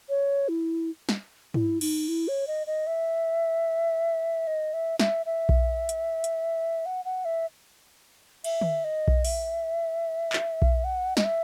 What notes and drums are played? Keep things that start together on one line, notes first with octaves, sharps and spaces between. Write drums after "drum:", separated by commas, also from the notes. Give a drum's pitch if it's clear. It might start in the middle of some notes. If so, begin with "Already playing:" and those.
C#5
E4
drum: snare
E4, drum: tom
D#4, drum: cymbal
E4
C#5
D#5
D#5
E5
D#5
E5
E5, drum: snare
E5
drum: kick B1
drum: hi-hat
drum: hi-hat
F#5
F#5
E5
E5, drum: cymbal
drum: tom
D#5
drum: kick B1
E5, drum: open hi-hat
drum: clap
drum: kick B1
F#5
D#5, drum: snare
E5